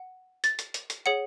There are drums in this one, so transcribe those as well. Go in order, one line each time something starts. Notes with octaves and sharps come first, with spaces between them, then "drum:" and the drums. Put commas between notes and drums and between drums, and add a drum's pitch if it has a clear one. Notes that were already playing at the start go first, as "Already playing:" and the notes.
Already playing: F#5
A6, drum: hi-hat
drum: hi-hat
drum: hi-hat
drum: hi-hat
G#4 C#5 F#5 C#7